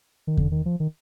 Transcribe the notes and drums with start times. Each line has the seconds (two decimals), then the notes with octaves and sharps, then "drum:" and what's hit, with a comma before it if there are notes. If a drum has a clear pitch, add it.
0.27 D#3
0.37 D3, drum: kick E2
0.52 D#3
0.66 F3
0.80 D#3